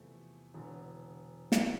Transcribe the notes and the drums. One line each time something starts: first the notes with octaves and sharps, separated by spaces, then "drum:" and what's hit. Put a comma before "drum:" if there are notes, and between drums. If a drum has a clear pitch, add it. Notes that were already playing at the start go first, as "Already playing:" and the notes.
Already playing: E2 C3 F3 A3 E4
E1 E2 D3
drum: snare